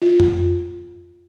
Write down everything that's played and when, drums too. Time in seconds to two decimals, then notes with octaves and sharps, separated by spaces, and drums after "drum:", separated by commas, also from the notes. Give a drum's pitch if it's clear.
0.02 F4
0.20 drum: tom F2